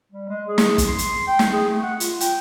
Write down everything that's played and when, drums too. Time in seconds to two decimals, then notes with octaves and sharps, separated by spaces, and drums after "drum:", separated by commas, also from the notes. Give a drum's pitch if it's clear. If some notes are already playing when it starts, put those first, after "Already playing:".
0.12 G3
0.29 G#3
0.48 G#4
0.58 drum: snare
0.78 drum: kick, hi-hat
0.87 C6
0.98 drum: hi-hat
1.27 G5
1.39 drum: snare
1.53 G#4
1.69 A3
1.83 F#5
2.00 F4, drum: hi-hat
2.20 G5, drum: hi-hat